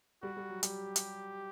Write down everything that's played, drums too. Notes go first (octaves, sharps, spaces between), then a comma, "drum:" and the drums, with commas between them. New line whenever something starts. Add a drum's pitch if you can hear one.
G3 F#4
G3
F#3
G3 G4, drum: hi-hat
drum: hi-hat